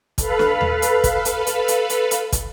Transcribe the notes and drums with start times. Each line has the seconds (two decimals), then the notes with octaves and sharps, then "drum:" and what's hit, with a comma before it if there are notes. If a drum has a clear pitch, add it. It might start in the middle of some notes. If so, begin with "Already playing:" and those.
0.18 A4 B4 F5 B5, drum: kick, hi-hat
0.39 drum: snare
0.61 drum: tom D#2
0.82 drum: hi-hat
1.04 drum: kick, hi-hat
1.25 drum: hi-hat
1.47 drum: hi-hat
1.68 drum: hi-hat
1.90 drum: hi-hat
2.11 drum: hi-hat
2.32 drum: kick, hi-hat